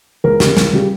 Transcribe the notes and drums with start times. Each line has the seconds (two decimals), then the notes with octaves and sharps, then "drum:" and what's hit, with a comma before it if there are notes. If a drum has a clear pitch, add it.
0.24 C#2 A#4
0.40 C#3 G3, drum: snare
0.57 C#2, drum: snare
0.73 C#3 G3